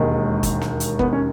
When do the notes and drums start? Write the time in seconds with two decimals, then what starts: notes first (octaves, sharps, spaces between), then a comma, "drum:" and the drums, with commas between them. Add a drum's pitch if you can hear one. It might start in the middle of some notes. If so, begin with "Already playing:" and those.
Already playing: E1 D#2 D#3 G#3
0.43 drum: kick, hi-hat
0.62 drum: snare
0.80 drum: hi-hat
0.99 B3, drum: kick
1.13 C#4